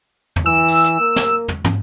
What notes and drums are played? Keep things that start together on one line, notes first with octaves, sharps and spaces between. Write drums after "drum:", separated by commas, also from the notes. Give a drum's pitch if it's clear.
drum: tom
E3 E6
drum: open hi-hat
drum: hi-hat
A#3
drum: snare
drum: tom
drum: tom